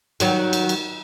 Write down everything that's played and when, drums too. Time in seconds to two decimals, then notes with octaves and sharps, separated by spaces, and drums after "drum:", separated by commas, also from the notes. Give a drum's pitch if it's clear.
0.20 D#3 F#3, drum: cymbal
0.53 drum: cymbal
0.69 drum: cymbal